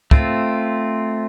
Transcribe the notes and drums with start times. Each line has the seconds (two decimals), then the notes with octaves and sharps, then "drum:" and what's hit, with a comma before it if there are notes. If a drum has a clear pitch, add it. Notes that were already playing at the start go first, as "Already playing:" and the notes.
0.11 A3 C4 F4, drum: kick